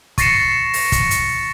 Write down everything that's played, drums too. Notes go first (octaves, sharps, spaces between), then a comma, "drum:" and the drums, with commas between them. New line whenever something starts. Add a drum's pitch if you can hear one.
C#6 A6 A#6 C7 C#7 E7, drum: kick, hi-hat
drum: open hi-hat
drum: kick, hi-hat
drum: hi-hat